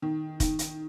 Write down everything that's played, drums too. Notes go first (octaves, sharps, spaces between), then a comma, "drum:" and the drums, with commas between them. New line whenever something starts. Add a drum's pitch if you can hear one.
D#3
D#3, drum: kick, hi-hat
drum: hi-hat